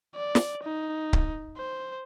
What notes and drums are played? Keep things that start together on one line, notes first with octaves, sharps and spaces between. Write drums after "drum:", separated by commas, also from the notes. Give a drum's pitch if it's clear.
D5
drum: snare
D#4
drum: kick C#1
C5